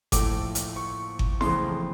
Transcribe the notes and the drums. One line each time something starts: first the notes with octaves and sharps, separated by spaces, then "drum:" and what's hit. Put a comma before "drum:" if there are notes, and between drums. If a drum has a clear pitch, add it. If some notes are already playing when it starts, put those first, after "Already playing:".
A2 F3 A3 D6, drum: kick G1, hi-hat
drum: hi-hat
C#6
drum: kick G1
F2 C#3 E3 A3 C6, drum: snare E4